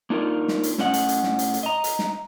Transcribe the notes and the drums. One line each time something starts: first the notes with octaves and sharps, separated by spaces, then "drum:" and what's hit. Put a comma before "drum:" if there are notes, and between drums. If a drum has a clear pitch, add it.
A#3 D4 D#4 F4 A4 A#4
drum: snare
drum: hi-hat
A2 C#4 D#5 F#5, drum: snare
drum: hi-hat
drum: hi-hat
drum: snare
drum: hi-hat
drum: hi-hat
D#5 A#5
drum: hi-hat
drum: snare